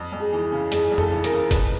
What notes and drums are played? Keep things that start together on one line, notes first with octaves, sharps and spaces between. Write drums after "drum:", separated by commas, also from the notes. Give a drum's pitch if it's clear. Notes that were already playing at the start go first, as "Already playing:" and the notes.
Already playing: F2
F2
G#4
E3
C#3
F2 G#4, drum: hi-hat
F2
A4, drum: tom
E3
A#4, drum: hi-hat
C#3
F2 B4, drum: kick, hi-hat